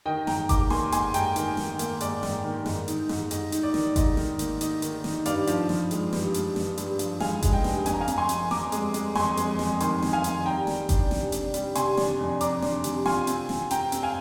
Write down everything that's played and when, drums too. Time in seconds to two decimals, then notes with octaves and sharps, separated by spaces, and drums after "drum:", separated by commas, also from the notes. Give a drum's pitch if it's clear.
0.06 D#3 D#5 G5
0.27 G#2 G5 A#5, drum: snare
0.49 G#2 A#5 D6, drum: kick G1, hi-hat
0.70 A#3 G#5 C6, drum: snare
0.92 G#2 G#5 C6, drum: hi-hat
1.14 G#2 G5 A#5, drum: hi-hat
1.36 D#3, drum: hi-hat
1.57 D#3, drum: snare
1.79 A#3, drum: hi-hat
2.01 G#2 D5, drum: hi-hat
2.23 G#2, drum: snare
2.44 D#3
2.66 G#2, drum: snare
2.88 D#4, drum: hi-hat
3.09 G#2, drum: snare
3.31 G#2 D#5, drum: hi-hat
3.52 D#4, drum: hi-hat
3.63 D5
3.74 D#3, drum: snare
3.96 G#2 D#5, drum: kick G1, hi-hat
4.17 D#3, drum: snare
4.39 A#3, drum: hi-hat
4.61 D#4 D#5, drum: hi-hat
4.82 D#3, drum: hi-hat
5.04 D#4, drum: snare
5.26 G2 D5 F5, drum: hi-hat
5.47 F3, drum: hi-hat
5.69 F3, drum: snare
5.91 G#3, drum: hi-hat
6.13 G2, drum: snare
6.34 G2, drum: hi-hat
6.56 G2, drum: snare
6.77 G2, drum: hi-hat
6.99 F3, drum: hi-hat
7.20 G#3 F5 G#5, drum: snare
7.42 G#3, drum: kick G1, hi-hat
7.53 D#5 G5
7.64 G2, drum: snare
7.86 F2 G#5, drum: hi-hat
7.93 A#5
8.01 F5 G#5
8.08 F2, drum: hi-hat
8.18 G#5 C6
8.29 F2, drum: hi-hat
8.51 F2 A#5 D6, drum: snare
8.72 G#3, drum: hi-hat
8.94 G#3, drum: hi-hat
9.15 F2 G#5 C6, drum: snare
9.37 G#3, drum: hi-hat
9.59 F2, drum: snare
9.80 D#3 G#5 C6, drum: hi-hat
10.02 F2, drum: snare
10.13 F5 G#5
10.24 D#3, drum: hi-hat
10.46 G3 G5 A#5
10.67 G3, drum: snare
10.89 D4, drum: kick G1, hi-hat
11.11 C3, drum: snare
11.32 D4, drum: hi-hat
11.54 G3, drum: hi-hat
11.75 C3 G#5 C6, drum: hi-hat
11.97 D4, drum: snare
12.19 F2
12.41 D4 A#5 D6, drum: hi-hat
12.62 D4, drum: snare
12.84 C3, drum: hi-hat
13.05 F4 G#5 C6, drum: snare
13.27 C4, drum: hi-hat
13.49 C4, drum: snare
13.71 C4 G5 A#5, drum: hi-hat
13.92 C4, drum: hi-hat
14.03 F5 G#5